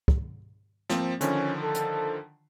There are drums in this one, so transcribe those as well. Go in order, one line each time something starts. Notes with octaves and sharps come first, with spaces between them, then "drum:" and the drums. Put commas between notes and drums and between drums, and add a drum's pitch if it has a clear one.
drum: kick
F3 A#3 C4, drum: snare
D3 D#3 F3 C#4, drum: hi-hat
A4
drum: hi-hat